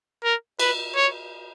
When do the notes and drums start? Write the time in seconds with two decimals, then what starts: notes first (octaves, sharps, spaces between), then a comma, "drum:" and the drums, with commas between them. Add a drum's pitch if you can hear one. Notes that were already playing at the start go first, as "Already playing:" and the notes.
0.24 A#4
0.59 B4, drum: cymbal
0.96 C#5